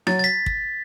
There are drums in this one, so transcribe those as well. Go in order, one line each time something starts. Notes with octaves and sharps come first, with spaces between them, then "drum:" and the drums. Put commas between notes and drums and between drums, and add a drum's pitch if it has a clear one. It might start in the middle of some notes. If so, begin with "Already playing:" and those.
F#3 A6, drum: rim click
A6
B6
drum: kick